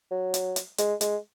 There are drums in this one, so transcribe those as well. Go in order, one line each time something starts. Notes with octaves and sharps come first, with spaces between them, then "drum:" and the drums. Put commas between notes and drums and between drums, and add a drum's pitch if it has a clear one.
F#3
drum: hi-hat
drum: hi-hat
G#3, drum: hi-hat
G#3, drum: hi-hat